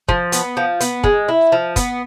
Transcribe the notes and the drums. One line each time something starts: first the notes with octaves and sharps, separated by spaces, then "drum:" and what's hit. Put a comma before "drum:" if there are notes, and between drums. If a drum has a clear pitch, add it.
F3, drum: kick
B3, drum: hi-hat
F3
B3, drum: hi-hat
G#3, drum: kick
E4
F3
B3, drum: kick, hi-hat